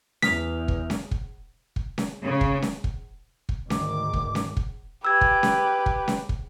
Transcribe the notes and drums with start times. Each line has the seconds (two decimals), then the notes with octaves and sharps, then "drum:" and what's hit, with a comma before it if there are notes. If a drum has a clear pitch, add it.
0.22 E2 D#6 F6 B6 F7, drum: snare C#4
0.68 drum: kick
0.90 drum: snare C#4
1.11 drum: kick
1.76 drum: kick
1.98 drum: snare C#4
2.23 C#3
2.41 drum: kick
2.62 drum: snare C#4
2.84 drum: kick
3.49 drum: kick
3.70 D2 G#2 D#3 D6, drum: snare C#4
4.13 drum: kick
4.35 drum: snare C#4
4.57 drum: kick
5.05 G4 B4 E6 G#6
5.21 drum: kick
5.43 drum: snare C#4
5.86 drum: kick
6.08 drum: snare C#4
6.29 drum: kick